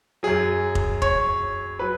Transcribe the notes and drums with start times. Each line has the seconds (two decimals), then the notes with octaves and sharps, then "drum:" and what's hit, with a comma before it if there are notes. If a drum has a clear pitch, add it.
0.23 F#2 F#3 G#4
0.75 drum: kick F1
1.02 C#5, drum: kick F1
1.79 F#3 B4